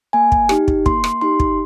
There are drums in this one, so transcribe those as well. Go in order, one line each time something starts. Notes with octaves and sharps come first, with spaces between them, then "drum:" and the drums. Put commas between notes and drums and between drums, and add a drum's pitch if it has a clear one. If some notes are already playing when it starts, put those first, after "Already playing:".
A#3 G#5
drum: kick
D#4 G4, drum: rim click
drum: kick
A#3 C6, drum: kick
drum: rim click
D#4 G4 C6
drum: kick